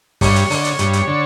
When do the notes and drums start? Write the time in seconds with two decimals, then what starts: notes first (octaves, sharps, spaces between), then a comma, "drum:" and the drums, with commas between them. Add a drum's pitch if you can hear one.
0.21 G2 C#5, drum: kick, open hi-hat
0.36 drum: hi-hat
0.50 D3, drum: open hi-hat
0.64 drum: hi-hat
0.79 G2, drum: hi-hat
0.93 drum: hi-hat
1.07 D3